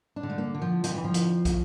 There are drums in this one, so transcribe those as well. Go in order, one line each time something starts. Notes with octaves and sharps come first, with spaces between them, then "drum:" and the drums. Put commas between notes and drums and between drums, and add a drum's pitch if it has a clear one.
D4
D3
A3
A#3
D3
F3
F2 F3, drum: hi-hat
E3
F3
F2, drum: hi-hat
drum: kick, hi-hat